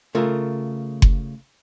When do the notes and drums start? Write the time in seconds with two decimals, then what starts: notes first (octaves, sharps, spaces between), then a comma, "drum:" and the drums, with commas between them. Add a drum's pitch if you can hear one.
0.15 C#3 A3 F4 A#4
1.02 drum: kick F#1